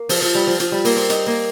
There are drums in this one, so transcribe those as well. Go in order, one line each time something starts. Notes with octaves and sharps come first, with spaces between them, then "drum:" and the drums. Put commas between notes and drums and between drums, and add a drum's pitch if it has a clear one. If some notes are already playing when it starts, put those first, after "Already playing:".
Already playing: A#3
F3, drum: open hi-hat
F3
G3
F3
F3, drum: hi-hat
G3
A#3, drum: open hi-hat
C4
D#4, drum: hi-hat
A#3